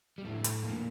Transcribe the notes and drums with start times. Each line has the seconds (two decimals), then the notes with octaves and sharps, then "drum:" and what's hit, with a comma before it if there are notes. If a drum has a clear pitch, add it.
0.18 G3
0.25 F2 A2 D3 A3
0.44 drum: hi-hat
0.64 F2 A#2 D3 A#3